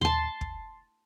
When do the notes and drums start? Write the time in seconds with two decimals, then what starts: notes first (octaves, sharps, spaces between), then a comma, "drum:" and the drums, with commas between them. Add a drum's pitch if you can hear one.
0.01 A5 C6, drum: tom D#2
0.41 drum: kick